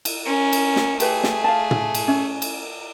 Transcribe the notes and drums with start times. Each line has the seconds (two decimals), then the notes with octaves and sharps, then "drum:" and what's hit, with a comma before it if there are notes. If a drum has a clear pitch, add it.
0.05 drum: cymbal
0.25 C#4 A#4
0.53 drum: cymbal
0.76 drum: snare
1.00 A3 G4 G#4 B4, drum: cymbal
1.24 drum: snare
1.44 F5 A5
1.71 drum: tom
1.95 drum: cymbal
2.08 C#4 E5
2.42 drum: cymbal